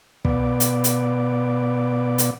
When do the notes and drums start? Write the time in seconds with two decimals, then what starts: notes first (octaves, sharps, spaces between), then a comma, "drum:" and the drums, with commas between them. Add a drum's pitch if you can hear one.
0.25 B2 B3 D5, drum: kick
0.60 drum: hi-hat
0.84 drum: hi-hat
2.18 drum: hi-hat